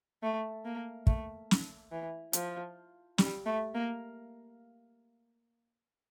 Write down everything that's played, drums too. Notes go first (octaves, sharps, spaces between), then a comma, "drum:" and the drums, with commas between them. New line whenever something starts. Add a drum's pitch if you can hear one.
A3
A#3
A3, drum: kick
drum: snare
E3
F3, drum: hi-hat
G3, drum: snare
A3
A#3